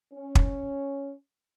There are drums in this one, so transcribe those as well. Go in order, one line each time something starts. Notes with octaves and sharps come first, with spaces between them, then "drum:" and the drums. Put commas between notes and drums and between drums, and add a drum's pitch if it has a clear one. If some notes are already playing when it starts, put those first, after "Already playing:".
C#4
drum: kick